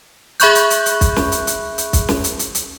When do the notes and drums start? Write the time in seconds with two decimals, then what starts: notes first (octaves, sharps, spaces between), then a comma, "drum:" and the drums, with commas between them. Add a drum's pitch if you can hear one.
0.40 G#4 E5 B5 C#6 F#6 G6, drum: hi-hat
0.55 drum: hi-hat
0.70 drum: hi-hat
0.86 drum: hi-hat
1.01 drum: kick, hi-hat
1.16 drum: snare
1.32 drum: hi-hat
1.47 drum: hi-hat
1.78 drum: hi-hat
1.93 drum: kick, hi-hat
2.09 drum: snare
2.24 drum: hi-hat
2.39 drum: hi-hat
2.55 drum: hi-hat